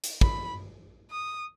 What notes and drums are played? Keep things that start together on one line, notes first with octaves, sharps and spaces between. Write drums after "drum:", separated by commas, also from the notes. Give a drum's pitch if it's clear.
drum: hi-hat
B5, drum: kick
D#6